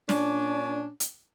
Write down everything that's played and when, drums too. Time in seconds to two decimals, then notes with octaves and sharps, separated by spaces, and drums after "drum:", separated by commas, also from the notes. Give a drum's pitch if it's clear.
0.09 A#2 C#4 D4, drum: snare
1.00 drum: hi-hat